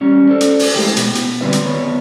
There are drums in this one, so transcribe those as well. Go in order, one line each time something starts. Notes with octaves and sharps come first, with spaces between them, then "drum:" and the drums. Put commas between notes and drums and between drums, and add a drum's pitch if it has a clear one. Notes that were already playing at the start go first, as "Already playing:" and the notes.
G3 C#4
A4 C5 D5
drum: hi-hat
drum: open hi-hat
F2 G#2 G#3 A3 E4 G4
B2, drum: hi-hat
drum: hi-hat
D3 G3 C4 F#4 B4 E5
drum: hi-hat
D#3 B3 B4 C#5